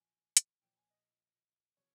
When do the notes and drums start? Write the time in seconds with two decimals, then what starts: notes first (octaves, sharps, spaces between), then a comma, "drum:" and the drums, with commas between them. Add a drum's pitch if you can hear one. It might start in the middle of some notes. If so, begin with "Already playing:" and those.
Already playing: A#2 F3 G#5
0.37 drum: hi-hat
0.62 A#2 F3 G5
0.77 G#5
0.90 D#5
1.77 C3 F3 C#5